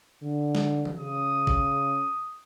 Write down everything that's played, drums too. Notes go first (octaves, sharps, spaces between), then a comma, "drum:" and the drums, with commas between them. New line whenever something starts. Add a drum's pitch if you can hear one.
D3
drum: snare
drum: tom E3
C#3 D#6
drum: kick